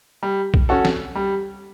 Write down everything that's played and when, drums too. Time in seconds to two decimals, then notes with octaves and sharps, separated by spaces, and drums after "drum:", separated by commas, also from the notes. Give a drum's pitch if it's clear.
0.23 G3
0.54 drum: kick B1
0.69 C#4 F#4 A4
0.85 drum: snare
1.15 G3